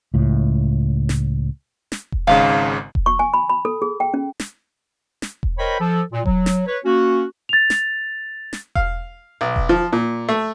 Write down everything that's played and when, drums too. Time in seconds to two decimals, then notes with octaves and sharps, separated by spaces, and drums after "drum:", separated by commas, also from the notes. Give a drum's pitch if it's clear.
0.14 C#2 A2
1.09 drum: snare
1.92 drum: snare
2.12 drum: kick E1
2.27 G#1 G#2 C#3 F5
2.95 drum: kick E1
3.06 C#6
3.19 G#5
3.34 B5
3.50 B5
3.65 A4
3.82 G#4
4.00 G5
4.14 C#4
4.40 drum: snare
5.22 drum: snare
5.43 drum: kick E1
5.59 A#4 C5 C#5 D#5 G5 B5
5.80 F3 A4
6.12 A#2
6.26 F#3, drum: kick E1
6.46 drum: snare
6.67 B4 C#5
6.85 A#3 C#4 F#4
7.49 A6 F7
7.70 drum: snare
8.53 drum: snare
8.75 F5, drum: kick E1
9.41 B1
9.56 drum: kick E1
9.69 F3
9.93 A#2
10.29 A3